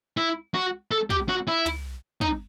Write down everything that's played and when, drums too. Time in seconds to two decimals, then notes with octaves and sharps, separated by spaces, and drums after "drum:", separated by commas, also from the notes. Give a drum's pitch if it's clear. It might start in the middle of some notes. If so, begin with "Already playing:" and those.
0.17 E4
0.54 F#4
0.91 A4
1.10 G4, drum: kick
1.29 F#4
1.48 E4
1.66 drum: tom
2.21 D#4, drum: kick